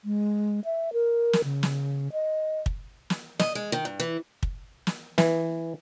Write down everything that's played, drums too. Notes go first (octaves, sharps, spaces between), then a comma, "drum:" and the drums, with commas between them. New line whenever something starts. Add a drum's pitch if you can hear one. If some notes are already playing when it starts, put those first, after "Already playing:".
G#3
E5
A#4
drum: snare
C#3
drum: snare
D#5
drum: kick
drum: snare
D#5, drum: snare
G#3
D#3
G2
E3
drum: kick
drum: snare
E3, drum: snare